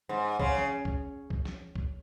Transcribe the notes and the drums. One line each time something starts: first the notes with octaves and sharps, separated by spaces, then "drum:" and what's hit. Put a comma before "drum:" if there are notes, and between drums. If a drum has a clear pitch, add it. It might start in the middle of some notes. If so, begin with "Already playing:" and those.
G#2
C#3, drum: kick C2
drum: snare
drum: kick C2
drum: kick C2
drum: snare
drum: kick C2